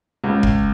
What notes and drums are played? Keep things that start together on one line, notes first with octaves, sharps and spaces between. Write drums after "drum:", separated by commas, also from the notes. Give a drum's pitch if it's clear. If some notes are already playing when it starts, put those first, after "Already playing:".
C#2
drum: kick F1